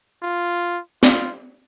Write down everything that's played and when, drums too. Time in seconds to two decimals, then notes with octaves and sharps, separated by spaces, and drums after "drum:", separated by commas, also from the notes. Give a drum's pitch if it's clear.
0.23 F4
1.03 F4, drum: snare